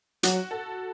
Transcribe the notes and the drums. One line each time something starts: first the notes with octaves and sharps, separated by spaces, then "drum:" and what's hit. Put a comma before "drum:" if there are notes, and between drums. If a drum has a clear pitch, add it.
F#3 F#4, drum: hi-hat
A4